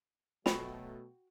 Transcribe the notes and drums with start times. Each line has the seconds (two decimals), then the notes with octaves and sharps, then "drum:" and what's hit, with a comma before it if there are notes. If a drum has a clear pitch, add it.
0.46 B2 F#3 A3 F#4 G5 B5, drum: snare